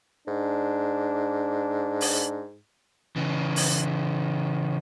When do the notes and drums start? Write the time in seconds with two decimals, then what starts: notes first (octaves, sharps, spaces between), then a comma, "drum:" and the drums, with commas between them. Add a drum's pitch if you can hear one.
0.28 G#2 D4
2.01 drum: open hi-hat
3.16 C#3 E3
3.56 drum: open hi-hat